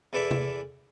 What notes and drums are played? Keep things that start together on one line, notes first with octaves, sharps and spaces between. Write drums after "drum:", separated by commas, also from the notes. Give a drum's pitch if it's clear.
E2 E3 A4 D5 E5
drum: tom C3